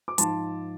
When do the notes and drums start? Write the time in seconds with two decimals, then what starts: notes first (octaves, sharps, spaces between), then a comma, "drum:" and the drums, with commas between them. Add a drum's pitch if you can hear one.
0.08 D6
0.18 G#2 F3 A5 C6, drum: hi-hat